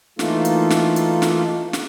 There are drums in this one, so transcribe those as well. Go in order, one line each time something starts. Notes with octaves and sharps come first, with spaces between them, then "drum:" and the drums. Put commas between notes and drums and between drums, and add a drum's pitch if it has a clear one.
E3 A3 A#3 D#4 F4 A4, drum: snare
drum: hi-hat
drum: snare
drum: hi-hat
drum: snare
drum: snare